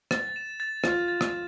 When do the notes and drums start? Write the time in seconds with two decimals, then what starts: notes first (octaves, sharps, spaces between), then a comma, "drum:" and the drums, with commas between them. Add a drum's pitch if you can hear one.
0.11 A6, drum: rim click
0.36 E7
0.60 A6
0.84 F4 A6, drum: rim click
1.08 A6
1.21 drum: rim click